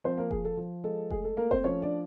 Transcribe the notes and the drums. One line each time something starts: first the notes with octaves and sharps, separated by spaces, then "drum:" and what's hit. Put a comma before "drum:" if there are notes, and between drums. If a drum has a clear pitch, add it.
F3 C4 C5
A#3 A#4
F3 G#4, drum: kick F1
A4
F3
G#3 A4
A3 G#4, drum: kick F1
A4
A3 A#3 A#4
C4 C5, drum: kick F1
F3 C#4 C#5
D4 D5